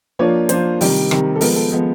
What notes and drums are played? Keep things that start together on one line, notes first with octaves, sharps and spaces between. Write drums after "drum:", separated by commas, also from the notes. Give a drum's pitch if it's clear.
F3 A#3 D4 F4 C#5
F3 A#3 D4 F4 C5, drum: hi-hat
C3 D#3 G3, drum: open hi-hat
C3 D#3 G3, drum: rim click
A4
F3 G#3 B3 A#4, drum: open hi-hat
A4
F3 G#3 B3